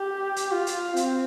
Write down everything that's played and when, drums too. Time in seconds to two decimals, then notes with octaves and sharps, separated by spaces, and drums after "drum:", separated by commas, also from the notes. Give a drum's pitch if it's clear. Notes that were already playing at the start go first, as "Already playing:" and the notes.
Already playing: G4
0.36 drum: hi-hat
0.51 F4
0.67 drum: hi-hat
0.96 C4, drum: hi-hat